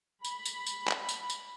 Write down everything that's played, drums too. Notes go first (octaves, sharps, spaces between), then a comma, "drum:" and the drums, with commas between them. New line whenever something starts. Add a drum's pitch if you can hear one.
B5, drum: tambourine
drum: tambourine
drum: tambourine
drum: clap
drum: tambourine
drum: tambourine